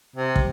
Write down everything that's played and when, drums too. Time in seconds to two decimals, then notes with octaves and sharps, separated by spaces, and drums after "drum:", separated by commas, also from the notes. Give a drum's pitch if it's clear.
0.16 C3
0.36 drum: kick